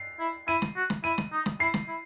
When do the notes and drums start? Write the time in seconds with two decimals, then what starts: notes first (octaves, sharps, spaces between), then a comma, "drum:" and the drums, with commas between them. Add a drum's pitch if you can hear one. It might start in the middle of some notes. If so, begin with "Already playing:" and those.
Already playing: C7
0.20 E4
0.48 E4 D#7
0.62 drum: snare
0.76 F#4
0.90 drum: snare
1.04 E4 D#7
1.18 drum: snare
1.32 D#4
1.46 drum: snare
1.60 E4 C7
1.74 drum: snare
1.88 E4